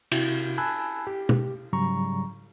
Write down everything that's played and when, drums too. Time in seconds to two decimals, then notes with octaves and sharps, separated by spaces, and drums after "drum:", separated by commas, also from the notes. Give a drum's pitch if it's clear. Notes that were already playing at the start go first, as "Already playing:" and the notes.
0.12 C3 E4 F#4, drum: cymbal
0.58 G#5 A5 B5 E6 F#6 G#6
1.07 G4
1.29 drum: tom B2
1.73 G#2 C#3 F#3 G3 A#5 C#6